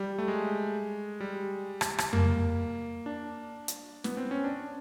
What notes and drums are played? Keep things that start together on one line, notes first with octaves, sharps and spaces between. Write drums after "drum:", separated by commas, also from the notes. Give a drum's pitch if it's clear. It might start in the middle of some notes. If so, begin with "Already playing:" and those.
Already playing: G3
A3
G#3
G3
drum: rim click
drum: rim click
A#3, drum: tom F2
D4
drum: hi-hat
B3, drum: snare
C4
C#4
D4